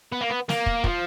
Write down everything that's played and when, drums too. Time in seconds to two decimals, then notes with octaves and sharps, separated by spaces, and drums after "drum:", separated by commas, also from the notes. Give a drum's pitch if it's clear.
0.12 B3
0.21 A#3
0.30 B3
0.49 A#3, drum: snare
0.66 drum: kick
0.84 F3, drum: kick